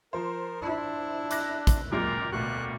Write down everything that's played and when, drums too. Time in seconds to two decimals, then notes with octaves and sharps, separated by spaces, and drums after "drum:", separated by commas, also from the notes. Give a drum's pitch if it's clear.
0.13 F3 A#4 C5
0.62 D4 E4
1.31 D6 F#6 A#6, drum: hi-hat
1.67 drum: kick A1, hi-hat
1.92 F#2 A#2 G#3 G4 A#4 D5
2.32 D2 B2 G3 A#3 C#6 F#6